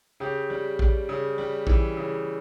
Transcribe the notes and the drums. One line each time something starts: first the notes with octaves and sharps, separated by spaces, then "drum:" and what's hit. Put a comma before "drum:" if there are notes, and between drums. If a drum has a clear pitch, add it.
C#3 G4
G3
G3, drum: kick A1
C#3
G3
E3, drum: kick A1
C#3